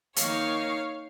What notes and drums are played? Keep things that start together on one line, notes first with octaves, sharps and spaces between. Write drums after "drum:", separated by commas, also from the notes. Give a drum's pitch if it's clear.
D#3 A#3 D#4 C#5 F5, drum: hi-hat